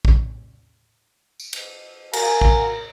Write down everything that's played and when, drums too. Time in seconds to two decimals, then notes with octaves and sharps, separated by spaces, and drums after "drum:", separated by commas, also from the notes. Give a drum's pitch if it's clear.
0.05 drum: kick
1.40 drum: tambourine
1.53 drum: cymbal
2.13 F#4 A#4 F5 G#5, drum: cymbal
2.41 drum: kick